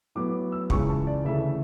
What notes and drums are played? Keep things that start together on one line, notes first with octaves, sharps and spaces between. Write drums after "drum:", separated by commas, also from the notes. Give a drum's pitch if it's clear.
A2 F#3 B3 D6
E6
C#2 C#3 E3 G#3 C#6, drum: kick
A5
D5
D2 C#3 E3 A3 E5